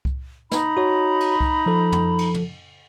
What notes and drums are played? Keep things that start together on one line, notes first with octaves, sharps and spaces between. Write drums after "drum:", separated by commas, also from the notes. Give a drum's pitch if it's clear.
drum: kick C2
D#4 A#5 B5, drum: snare
F#4 C#5
drum: cymbal
drum: kick C2
F3 A4
drum: tom
drum: cymbal
drum: tom